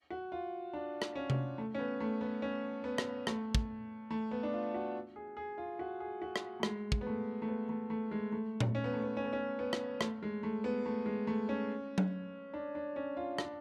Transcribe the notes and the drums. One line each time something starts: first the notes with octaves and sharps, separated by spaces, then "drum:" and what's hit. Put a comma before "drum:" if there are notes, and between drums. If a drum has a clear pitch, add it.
F#4
F4
D4
drum: rim click
C#4
drum: tom C3
A3
C#4
B3
A3
B3
C#4
B3
drum: rim click
A3, drum: rim click
drum: kick
A3
B3
D4
F4
F#4
G#4
G#4
F4
F#4
G#4
F#4
drum: rim click
A3
G#3, drum: rim click
drum: kick
B3
A3
A3
B3
A3
A3
G#3
A3
drum: tom A#2
C#4
B3
A3
B3
C#4
B3
C#4
B3
drum: rim click
A3, drum: rim click
G#3
A3
B3
A3
G#3
A3
C#4
drum: tom F#3
D4
D4
C#4
F4
D4, drum: rim click